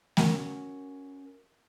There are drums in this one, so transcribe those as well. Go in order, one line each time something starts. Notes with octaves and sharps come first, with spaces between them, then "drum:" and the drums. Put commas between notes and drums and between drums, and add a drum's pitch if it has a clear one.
C#4 F#4 A#4, drum: snare A3